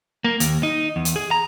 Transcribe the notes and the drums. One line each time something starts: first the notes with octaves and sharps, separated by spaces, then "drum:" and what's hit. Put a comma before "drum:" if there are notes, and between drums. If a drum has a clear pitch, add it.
A#3
D#2, drum: hi-hat
D#4
E2
drum: hi-hat
G#4
A#5